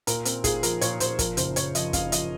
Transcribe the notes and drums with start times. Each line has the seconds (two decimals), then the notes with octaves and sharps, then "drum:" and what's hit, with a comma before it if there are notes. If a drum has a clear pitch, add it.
0.07 A#2 A#4, drum: hi-hat
0.25 C4 A#4, drum: hi-hat
0.44 A#2 G#4, drum: kick, hi-hat
0.63 F3 A#4, drum: hi-hat
0.81 A#2 C#5, drum: hi-hat
1.00 A#2 C5, drum: hi-hat
1.19 F3 A#4, drum: kick, hi-hat
1.37 F#1 C5, drum: hi-hat
1.56 F#1 C#5, drum: hi-hat
1.75 F3 D#5, drum: hi-hat
1.93 F#1 F5, drum: kick, hi-hat
2.12 F3 D#5, drum: hi-hat